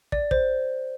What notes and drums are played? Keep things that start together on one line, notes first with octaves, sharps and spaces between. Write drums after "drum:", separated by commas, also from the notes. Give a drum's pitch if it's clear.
D5, drum: kick
C5, drum: kick